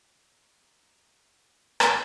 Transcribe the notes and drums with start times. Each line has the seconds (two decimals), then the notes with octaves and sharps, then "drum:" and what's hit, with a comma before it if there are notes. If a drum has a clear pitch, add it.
0.25 A#5 C6
1.80 drum: rim click